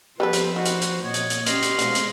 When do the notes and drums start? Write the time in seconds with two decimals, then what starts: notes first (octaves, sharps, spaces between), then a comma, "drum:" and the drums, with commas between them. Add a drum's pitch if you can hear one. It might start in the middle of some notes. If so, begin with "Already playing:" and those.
0.20 F3 G3 B3 A4 B4 C5
0.33 drum: hi-hat
0.56 D#3 F#4
0.65 drum: hi-hat
0.81 drum: hi-hat
1.04 A#2 C#5 D#5
1.14 drum: hi-hat
1.30 drum: hi-hat
1.46 C#4 G4 D#5 C6 F6, drum: hi-hat
1.62 drum: hi-hat
1.79 B2 D3 F3 G#3, drum: hi-hat
1.95 drum: hi-hat